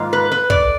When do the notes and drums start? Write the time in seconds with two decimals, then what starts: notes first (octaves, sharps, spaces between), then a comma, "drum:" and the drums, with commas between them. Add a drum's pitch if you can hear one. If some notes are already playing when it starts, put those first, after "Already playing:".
Already playing: G#2 D#3 A#3 F4
0.13 B4
0.32 B4
0.50 D5, drum: kick